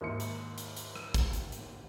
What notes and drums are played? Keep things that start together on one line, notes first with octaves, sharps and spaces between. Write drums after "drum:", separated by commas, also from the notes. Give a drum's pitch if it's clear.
D#2 G#2 A#3 E4 C6 C#7
drum: hi-hat
drum: hi-hat
drum: hi-hat
drum: rim click
drum: kick, hi-hat
drum: hi-hat
drum: hi-hat